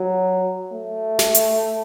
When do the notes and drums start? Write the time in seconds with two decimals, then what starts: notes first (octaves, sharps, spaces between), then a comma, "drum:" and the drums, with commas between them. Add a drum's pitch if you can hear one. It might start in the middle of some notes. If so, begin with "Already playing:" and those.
Already playing: F#3
0.73 A3
1.19 drum: snare
1.35 drum: hi-hat